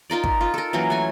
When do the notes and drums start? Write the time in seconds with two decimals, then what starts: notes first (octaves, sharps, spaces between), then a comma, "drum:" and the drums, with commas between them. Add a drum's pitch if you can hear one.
0.10 D#4 F4 A#4 D5
0.24 drum: kick
0.41 F4
0.54 A4 A#4
0.73 E3 F#3 A#3 C#4
0.90 A3 G#5